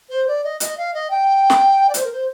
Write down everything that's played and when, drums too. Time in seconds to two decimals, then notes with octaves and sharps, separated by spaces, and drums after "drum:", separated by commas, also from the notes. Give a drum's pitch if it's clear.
0.09 C5
0.27 D5
0.44 D#5
0.60 D#5, drum: hi-hat
0.77 F5
0.94 D#5
1.10 G5
1.50 drum: snare
1.89 D5
1.94 C5, drum: hi-hat
2.03 A#4
2.12 C5